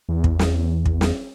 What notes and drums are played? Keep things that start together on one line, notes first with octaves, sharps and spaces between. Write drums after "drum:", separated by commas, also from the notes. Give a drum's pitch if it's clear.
E2
drum: kick
drum: snare
drum: kick
drum: snare